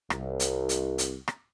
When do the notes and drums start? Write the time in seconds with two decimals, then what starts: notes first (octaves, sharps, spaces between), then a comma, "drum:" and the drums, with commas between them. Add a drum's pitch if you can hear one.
0.10 C2, drum: rim click
0.40 drum: hi-hat
0.69 drum: hi-hat
0.98 drum: hi-hat
1.28 drum: rim click